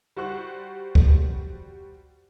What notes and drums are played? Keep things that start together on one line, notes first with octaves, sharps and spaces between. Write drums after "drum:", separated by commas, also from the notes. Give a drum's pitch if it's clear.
G3 F#4 C5 C#6 F#6
drum: kick